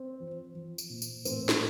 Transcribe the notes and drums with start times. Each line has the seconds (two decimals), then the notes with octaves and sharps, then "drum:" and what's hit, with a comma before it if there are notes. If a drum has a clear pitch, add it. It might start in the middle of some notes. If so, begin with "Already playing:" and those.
Already playing: C4
0.20 F3
0.55 F3
0.78 drum: tambourine
0.90 A#2
1.02 drum: tambourine
1.25 A2 C4, drum: tambourine
1.49 drum: snare